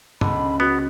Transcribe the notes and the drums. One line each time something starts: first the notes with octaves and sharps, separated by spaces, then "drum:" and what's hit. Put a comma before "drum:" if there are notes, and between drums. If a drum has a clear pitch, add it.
C#2 D3 B5, drum: tom
B3 F#4